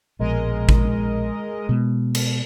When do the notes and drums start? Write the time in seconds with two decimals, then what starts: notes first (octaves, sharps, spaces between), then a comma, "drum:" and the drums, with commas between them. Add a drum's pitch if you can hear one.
0.19 A#1 B2 G#3 A#4 D#5
0.69 drum: kick A1
1.69 B2 G#3
2.15 drum: cymbal